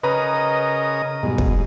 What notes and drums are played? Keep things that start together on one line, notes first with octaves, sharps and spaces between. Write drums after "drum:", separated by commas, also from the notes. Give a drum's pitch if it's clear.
C#3 A#4 B4 D#5 A#5 D#6
G#2 B2 G3
drum: kick